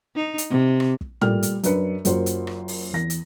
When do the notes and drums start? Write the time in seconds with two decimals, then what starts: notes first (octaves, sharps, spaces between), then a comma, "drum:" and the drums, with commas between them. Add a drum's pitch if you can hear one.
0.15 D#4
0.38 drum: hi-hat
0.50 C3
0.80 drum: rim click
1.01 drum: kick
1.21 A#2 G3 A3 F6, drum: tom
1.43 drum: hi-hat
1.63 F#2 D4 B4 C#7, drum: hi-hat
2.05 F#1 F#2 F4 F#4 C5, drum: hi-hat
2.26 drum: hi-hat
2.47 drum: rim click
2.68 drum: open hi-hat
2.93 E2 A#6
3.10 drum: hi-hat